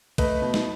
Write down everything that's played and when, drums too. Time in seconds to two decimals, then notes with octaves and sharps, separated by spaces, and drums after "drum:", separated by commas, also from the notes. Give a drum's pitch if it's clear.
0.18 A3 B4 D#5, drum: kick A#1, cymbal
0.42 B2
0.54 drum: snare